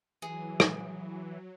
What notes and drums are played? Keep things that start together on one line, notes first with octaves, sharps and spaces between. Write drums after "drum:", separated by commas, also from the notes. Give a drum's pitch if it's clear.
E3 F#3 G#4
drum: rim click